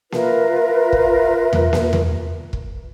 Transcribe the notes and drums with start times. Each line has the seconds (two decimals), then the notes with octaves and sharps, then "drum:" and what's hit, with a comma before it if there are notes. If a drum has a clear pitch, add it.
0.12 F4 A#4 B4 E5, drum: snare A#3
0.93 drum: kick
1.53 drum: tom E2
1.73 drum: snare A#3
1.93 drum: tom E2
2.53 drum: kick